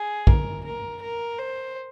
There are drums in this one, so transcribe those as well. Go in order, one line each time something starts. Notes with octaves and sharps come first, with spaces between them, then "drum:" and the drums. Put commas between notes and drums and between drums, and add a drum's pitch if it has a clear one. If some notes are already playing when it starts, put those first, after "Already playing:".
Already playing: G#4
A#4, drum: kick A#1
A#4
A#4
C5